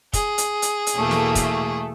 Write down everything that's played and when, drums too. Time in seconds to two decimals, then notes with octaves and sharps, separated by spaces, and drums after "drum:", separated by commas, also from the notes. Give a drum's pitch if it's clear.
0.13 G#4, drum: kick, hi-hat
0.38 drum: hi-hat
0.62 drum: hi-hat
0.87 drum: hi-hat
0.96 E2 B2 A3 A#3
1.11 drum: snare
1.35 drum: kick, hi-hat